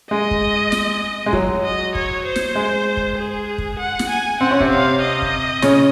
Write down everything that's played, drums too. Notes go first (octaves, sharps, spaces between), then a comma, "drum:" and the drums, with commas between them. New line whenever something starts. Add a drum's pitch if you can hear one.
G#3 D#5
drum: kick
drum: snare
G#3
F#3, drum: kick
D#5
C#5, drum: kick
C5
drum: snare
G#3
drum: kick
G#4
drum: kick
F#5
drum: snare
G#5
C4 F#5
C#4
C3 C4, drum: kick
F5
D#5
drum: kick
C#3 C#4, drum: snare